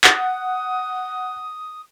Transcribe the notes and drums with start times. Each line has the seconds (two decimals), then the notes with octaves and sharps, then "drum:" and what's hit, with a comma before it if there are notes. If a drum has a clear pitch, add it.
0.04 F#5 D#6, drum: clap